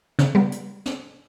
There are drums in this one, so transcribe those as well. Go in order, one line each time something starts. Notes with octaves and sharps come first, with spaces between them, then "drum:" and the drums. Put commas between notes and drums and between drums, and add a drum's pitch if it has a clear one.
C#3, drum: snare
G3 B3
drum: hi-hat
drum: snare